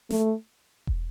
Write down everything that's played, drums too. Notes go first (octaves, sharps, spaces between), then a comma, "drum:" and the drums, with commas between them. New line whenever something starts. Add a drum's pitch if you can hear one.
A3, drum: snare
drum: kick E1